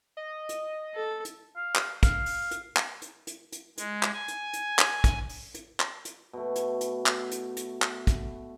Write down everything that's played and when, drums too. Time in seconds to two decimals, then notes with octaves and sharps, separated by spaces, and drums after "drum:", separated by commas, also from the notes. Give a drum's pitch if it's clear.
0.17 D#5
0.49 drum: hi-hat
0.95 A4
1.25 drum: hi-hat
1.56 F5
1.75 drum: clap
2.03 F5, drum: kick, hi-hat
2.26 drum: open hi-hat
2.51 drum: hi-hat
2.77 drum: clap
3.02 drum: hi-hat
3.27 drum: hi-hat
3.52 drum: hi-hat
3.78 G#3, drum: hi-hat
4.03 drum: clap
4.13 G#5
4.28 drum: hi-hat
4.53 drum: hi-hat
4.79 drum: clap
5.04 drum: kick, hi-hat
5.29 drum: open hi-hat
5.55 drum: hi-hat
5.80 drum: clap
6.05 drum: hi-hat
6.33 B2 A3
6.56 drum: hi-hat
6.81 drum: hi-hat
7.06 drum: clap
7.31 drum: hi-hat
7.57 drum: hi-hat
7.82 drum: clap
8.07 drum: kick, hi-hat